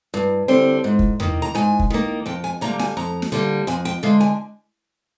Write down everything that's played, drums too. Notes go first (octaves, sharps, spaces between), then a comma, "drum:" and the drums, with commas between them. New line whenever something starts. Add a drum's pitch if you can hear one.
G2
D3 G3 C4
G#2
drum: kick
D#3 A#3, drum: tom E2
A#5
G#2 G#5
drum: kick
D#3 A#3
F2 G5
G#5
D3 G3 A#3 A#5
G#5, drum: snare
F2 A#5
drum: snare
D3 G3 A#3
F2 G#5
G5
D3 G#3 F5
G#5